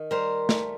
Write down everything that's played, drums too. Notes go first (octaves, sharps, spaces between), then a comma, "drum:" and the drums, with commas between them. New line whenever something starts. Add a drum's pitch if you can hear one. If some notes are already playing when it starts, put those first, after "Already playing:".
Already playing: D#3
G3 A#4 C5
A3, drum: snare